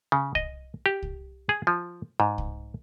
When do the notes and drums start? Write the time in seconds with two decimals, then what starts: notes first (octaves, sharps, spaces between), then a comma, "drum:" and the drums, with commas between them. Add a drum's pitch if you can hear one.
0.12 C#3
0.35 D#5, drum: kick C2
0.86 G4
1.03 drum: kick C2
1.49 G#4
1.67 F3
2.20 G#2
2.38 drum: kick C2